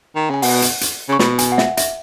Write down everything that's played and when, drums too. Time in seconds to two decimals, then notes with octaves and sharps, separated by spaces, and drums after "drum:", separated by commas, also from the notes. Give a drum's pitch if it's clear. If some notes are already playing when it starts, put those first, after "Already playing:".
0.16 D#3
0.30 C#3 G#5
0.42 B2 F#5, drum: open hi-hat
0.62 drum: hi-hat
0.81 drum: hi-hat
1.09 C#3 C#6
1.19 B2 B5, drum: snare
1.39 G#5, drum: hi-hat
1.52 F#5
1.58 E5, drum: snare
1.77 E5, drum: hi-hat